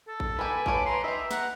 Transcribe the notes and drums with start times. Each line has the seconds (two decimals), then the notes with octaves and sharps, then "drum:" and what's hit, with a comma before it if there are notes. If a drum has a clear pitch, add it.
0.08 A4
0.20 drum: kick A1
0.39 A#3 G4 B4 G#5
0.66 A3 F4 C#5 D6, drum: kick A1
0.86 A#5 C6
1.04 G4 D#5 E5
1.31 F#5 A#5, drum: snare